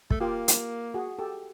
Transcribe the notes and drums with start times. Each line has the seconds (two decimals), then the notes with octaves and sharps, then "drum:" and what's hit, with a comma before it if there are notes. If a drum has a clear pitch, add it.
0.10 A3, drum: kick
0.20 A#3 F4 G4
0.48 drum: hi-hat
0.94 F#4 G#4
1.19 G4 A4